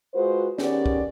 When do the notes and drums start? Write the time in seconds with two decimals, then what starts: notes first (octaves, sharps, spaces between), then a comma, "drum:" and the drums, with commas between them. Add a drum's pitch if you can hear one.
0.14 G#3 F4 F#4 B4 C5
0.58 D#3 B3 C#4 G4 G#4 D5, drum: snare
0.86 drum: kick